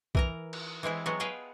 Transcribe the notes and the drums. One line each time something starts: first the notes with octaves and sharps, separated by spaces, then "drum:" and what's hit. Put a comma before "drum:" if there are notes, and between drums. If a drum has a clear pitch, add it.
E3 A#4 A#5, drum: kick
drum: cymbal
E3 G#3 C4 E4
F#3 G#3 B3 F#4
G#4 B4 D#5 F5 G5